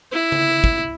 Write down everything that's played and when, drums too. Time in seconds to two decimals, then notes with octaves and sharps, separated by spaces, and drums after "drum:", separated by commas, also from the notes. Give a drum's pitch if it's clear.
0.12 E4
0.32 drum: tom C#3
0.64 drum: kick